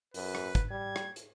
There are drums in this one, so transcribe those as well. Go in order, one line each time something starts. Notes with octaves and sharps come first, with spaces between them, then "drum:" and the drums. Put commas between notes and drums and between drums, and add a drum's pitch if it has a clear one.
F#2 B4, drum: open hi-hat
drum: rim click
drum: kick, hi-hat
G3 G#6
drum: rim click
drum: hi-hat